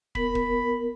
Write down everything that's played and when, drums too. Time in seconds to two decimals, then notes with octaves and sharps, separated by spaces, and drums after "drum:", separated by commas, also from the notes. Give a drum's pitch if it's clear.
0.15 B3 A#4 B5, drum: kick
0.35 drum: kick